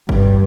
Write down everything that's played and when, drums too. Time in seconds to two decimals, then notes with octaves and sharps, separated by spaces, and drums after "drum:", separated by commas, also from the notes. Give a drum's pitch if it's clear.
0.09 G2, drum: kick G1